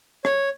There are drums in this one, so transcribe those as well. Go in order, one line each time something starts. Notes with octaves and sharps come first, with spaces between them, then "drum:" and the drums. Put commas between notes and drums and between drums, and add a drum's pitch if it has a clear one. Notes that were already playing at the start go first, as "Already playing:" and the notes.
C#5, drum: rim click